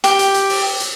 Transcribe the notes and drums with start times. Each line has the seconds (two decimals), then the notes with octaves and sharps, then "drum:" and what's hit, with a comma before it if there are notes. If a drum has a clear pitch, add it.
0.04 G4, drum: hi-hat
0.19 drum: hi-hat
0.34 drum: hi-hat
0.49 drum: open hi-hat
0.80 drum: hi-hat